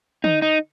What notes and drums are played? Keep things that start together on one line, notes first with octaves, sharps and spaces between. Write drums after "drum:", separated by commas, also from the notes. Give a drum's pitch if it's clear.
D#4, drum: tom
D#4